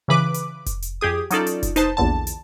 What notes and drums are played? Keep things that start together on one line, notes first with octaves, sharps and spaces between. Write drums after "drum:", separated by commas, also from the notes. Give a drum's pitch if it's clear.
C#3 E3 B4 D6
drum: hi-hat
drum: kick F1, hi-hat
drum: hi-hat
F2 G4 G#4 D#6
F#3 C#4 D#4 F4 A4 D5, drum: hi-hat
drum: hi-hat
drum: kick F1, hi-hat
D#4 B4 C5 A5, drum: hi-hat
A#1 E2 D3 A5
drum: hi-hat